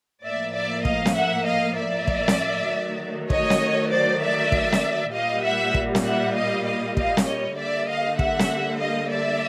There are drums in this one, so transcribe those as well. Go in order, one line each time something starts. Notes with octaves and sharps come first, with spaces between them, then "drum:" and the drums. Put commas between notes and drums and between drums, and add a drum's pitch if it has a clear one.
A2 F3 A#3 D5 E5
D5 E5
D#5 F5, drum: kick
drum: snare
E5 F#5
D#5 F5
D5 E5
drum: kick
drum: snare
D#3 F#3 A3
C#5 D#5, drum: kick
drum: snare
C5 D5
D5 E5
drum: kick
drum: snare
A#2 G3 A#3 D#5 F5
E5 F#5
drum: kick
drum: snare
E5 F#5
D#5 F5
D#5 F5
D#5 F5, drum: kick
drum: snare
C#5 D#5
D3 G3 A#3 D5 E5
D#5 F5
E5 F#5, drum: kick
drum: snare
D#5 F5
D5 E5